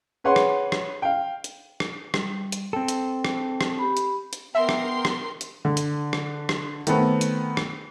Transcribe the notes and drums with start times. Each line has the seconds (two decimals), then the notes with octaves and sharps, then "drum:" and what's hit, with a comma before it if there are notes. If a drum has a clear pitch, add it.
0.24 G#4 B4 C#5 F#5 C6
0.36 drum: rim click
0.72 drum: rim click
1.02 F5 G5
1.44 drum: hi-hat
1.80 drum: rim click
2.14 G3, drum: rim click
2.52 drum: hi-hat
2.73 C4 A4 G5
2.88 drum: hi-hat
3.25 drum: rim click
3.61 drum: rim click
3.79 G4 B5
3.97 drum: hi-hat
4.33 drum: hi-hat
4.55 B3 A#4 E5 G5 C6
4.69 drum: rim click
5.05 drum: rim click
5.41 drum: hi-hat
5.65 D3
5.77 drum: hi-hat
6.13 drum: rim click
6.49 drum: rim click
6.87 D#3 A3 B3 C4, drum: hi-hat
7.21 drum: hi-hat
7.57 drum: rim click